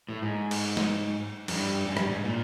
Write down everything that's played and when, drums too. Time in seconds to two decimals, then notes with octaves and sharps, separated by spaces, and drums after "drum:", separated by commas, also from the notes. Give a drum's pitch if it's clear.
0.09 A2
0.22 G#2
0.51 drum: cymbal
0.77 drum: snare
1.48 F#2, drum: cymbal
1.53 G2
1.86 F#2
1.97 G2, drum: rim click
2.11 G#2
2.25 A#2